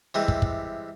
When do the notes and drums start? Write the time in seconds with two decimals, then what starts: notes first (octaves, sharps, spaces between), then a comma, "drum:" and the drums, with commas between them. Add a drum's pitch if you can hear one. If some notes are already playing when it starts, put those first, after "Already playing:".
0.14 C3 E3 G3 G#3
0.28 drum: kick
0.42 drum: kick